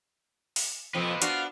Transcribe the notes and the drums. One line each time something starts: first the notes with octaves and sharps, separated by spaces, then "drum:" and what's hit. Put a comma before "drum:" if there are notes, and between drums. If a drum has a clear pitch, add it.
drum: open hi-hat
F2 F3 C4 B4 D#5
B3 D4 F#4 F5, drum: hi-hat